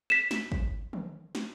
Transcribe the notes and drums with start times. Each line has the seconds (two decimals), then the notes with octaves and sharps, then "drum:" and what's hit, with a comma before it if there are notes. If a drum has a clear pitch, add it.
0.10 B6 E7
0.31 drum: snare
0.52 drum: kick
0.93 drum: tom D3
1.35 drum: snare